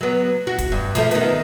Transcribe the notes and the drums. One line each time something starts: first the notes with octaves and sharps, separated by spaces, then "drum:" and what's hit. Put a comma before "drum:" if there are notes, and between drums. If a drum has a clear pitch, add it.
F#3 B3
F#4
drum: kick, hi-hat
G2
F3 G#3 A3, drum: hi-hat
D#3 B3, drum: hi-hat